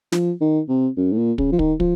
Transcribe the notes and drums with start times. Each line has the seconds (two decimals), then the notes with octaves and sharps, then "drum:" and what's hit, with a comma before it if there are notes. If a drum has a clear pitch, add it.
0.12 F3, drum: snare
0.41 D#3
0.69 C3
0.97 F#2
1.12 A2
1.18 A#2
1.38 C#3, drum: kick
1.52 F3
1.59 D#3, drum: kick
1.80 F3, drum: kick